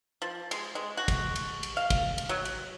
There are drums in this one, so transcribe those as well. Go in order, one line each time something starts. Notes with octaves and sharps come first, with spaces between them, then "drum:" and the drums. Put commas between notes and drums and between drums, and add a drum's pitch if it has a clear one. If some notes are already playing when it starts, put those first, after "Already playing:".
F3
G#3, drum: cymbal
G#3
F#4
drum: kick, cymbal
drum: cymbal
drum: cymbal
F5
drum: kick, cymbal
drum: cymbal
F#3
drum: cymbal